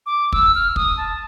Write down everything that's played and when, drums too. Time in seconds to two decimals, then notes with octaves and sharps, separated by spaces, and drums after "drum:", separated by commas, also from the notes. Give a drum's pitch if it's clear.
0.06 D6
0.32 E6, drum: kick
0.55 F6
0.76 D#6, drum: kick
0.97 A5